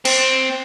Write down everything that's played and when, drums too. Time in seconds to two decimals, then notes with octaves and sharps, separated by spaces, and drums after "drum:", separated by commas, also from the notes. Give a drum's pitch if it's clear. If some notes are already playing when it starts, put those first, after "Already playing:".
0.05 C4, drum: cymbal